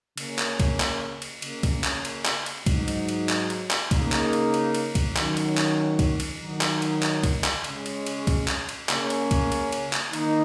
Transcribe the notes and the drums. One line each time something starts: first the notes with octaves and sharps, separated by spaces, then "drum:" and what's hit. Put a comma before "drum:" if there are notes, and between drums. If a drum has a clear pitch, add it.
C#3 A#3 C#4, drum: cymbal
drum: clap
drum: kick, cymbal
drum: clap
drum: cymbal
C#3 A#3 C#4, drum: cymbal
drum: kick, cymbal
drum: clap
drum: cymbal
drum: clap
drum: cymbal
G#2 F#3 D#4, drum: kick, cymbal
drum: cymbal
drum: cymbal
drum: clap
drum: cymbal
drum: clap
C#3 A#3 D#4, drum: kick, cymbal
drum: clap
drum: cymbal
drum: cymbal
drum: cymbal
drum: kick, cymbal
D#3 F#3 C#4, drum: clap
drum: cymbal
drum: clap
drum: kick, cymbal
drum: cymbal
D#3 F#3 D#4
drum: clap
drum: cymbal
drum: clap
drum: kick, cymbal
drum: clap
C#3 G#3 C#4, drum: cymbal
drum: cymbal
drum: cymbal
drum: kick, cymbal
drum: clap
drum: cymbal
C#3 A#3 C#4, drum: clap
drum: cymbal
drum: kick, cymbal
drum: cymbal
drum: cymbal
drum: clap
D#3 A#3 D#4, drum: cymbal